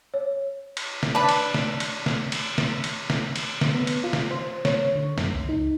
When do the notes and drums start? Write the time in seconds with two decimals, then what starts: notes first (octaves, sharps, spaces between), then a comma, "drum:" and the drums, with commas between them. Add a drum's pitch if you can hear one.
0.14 C#5
0.77 drum: cymbal
1.03 drum: snare
1.15 D4 B4
1.29 drum: cymbal
1.54 drum: snare
1.80 drum: cymbal
2.06 drum: snare
2.32 drum: cymbal
2.58 drum: snare
2.84 drum: cymbal
3.10 drum: snare
3.36 drum: cymbal
3.61 D3, drum: snare
3.74 B3
3.87 drum: cymbal
4.04 F4
4.13 drum: snare
4.31 C5
4.65 C#5, drum: snare
4.95 D3
5.18 F#2, drum: snare
5.35 C#2
5.49 D#4